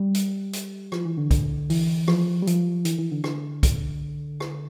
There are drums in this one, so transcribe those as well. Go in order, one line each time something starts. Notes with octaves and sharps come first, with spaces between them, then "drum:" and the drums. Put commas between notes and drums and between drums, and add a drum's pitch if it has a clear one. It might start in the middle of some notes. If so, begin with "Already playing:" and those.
Already playing: G3
drum: hi-hat
drum: hi-hat
F3, drum: rim click
E3
D3
drum: kick, hi-hat
E3, drum: open hi-hat
F3, drum: rim click
G3
F3, drum: hi-hat
E3, drum: hi-hat
E3
D3
D3, drum: rim click
drum: kick, hi-hat
drum: rim click